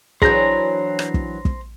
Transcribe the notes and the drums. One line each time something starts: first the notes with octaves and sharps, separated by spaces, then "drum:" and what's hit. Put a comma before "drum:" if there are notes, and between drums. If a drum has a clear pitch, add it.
E3 F#3 D4 G#4 C5 A#5 G6, drum: kick
drum: rim click
drum: kick
drum: kick